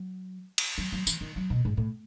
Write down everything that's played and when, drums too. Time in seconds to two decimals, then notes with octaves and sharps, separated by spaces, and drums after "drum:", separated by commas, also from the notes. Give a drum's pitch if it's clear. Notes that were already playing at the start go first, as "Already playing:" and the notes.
Already playing: F#3
0.58 drum: cymbal
0.78 F#3
0.92 F#3
1.07 E3, drum: tambourine
1.21 D#3
1.36 F#3
1.50 B2
1.65 G#2
1.77 A2